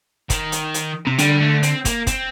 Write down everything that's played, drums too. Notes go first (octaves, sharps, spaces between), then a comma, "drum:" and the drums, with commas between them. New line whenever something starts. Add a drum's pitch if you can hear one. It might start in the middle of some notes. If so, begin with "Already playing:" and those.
D#3, drum: kick, hi-hat
drum: hi-hat
drum: hi-hat
C3
D3 G3, drum: hi-hat
A3
C4, drum: hi-hat
A#3, drum: kick, hi-hat
C4, drum: kick, hi-hat